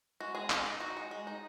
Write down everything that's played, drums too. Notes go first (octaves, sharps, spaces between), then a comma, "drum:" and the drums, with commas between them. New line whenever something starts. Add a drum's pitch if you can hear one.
G#3 F#4
G#3 G#4
G#3, drum: clap
D#4
D#4 F#4
G#3
G#3
D#4